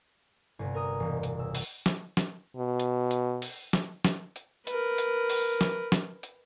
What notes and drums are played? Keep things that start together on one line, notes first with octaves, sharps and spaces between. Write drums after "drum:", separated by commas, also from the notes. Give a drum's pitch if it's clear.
G1 C3
A#4 D#6
E1
drum: hi-hat
E6
drum: open hi-hat
drum: snare
drum: snare
B2
drum: hi-hat
drum: hi-hat
drum: open hi-hat
drum: snare
drum: snare
drum: hi-hat
A#4 B4, drum: hi-hat
drum: hi-hat
drum: open hi-hat
drum: snare
drum: snare
drum: hi-hat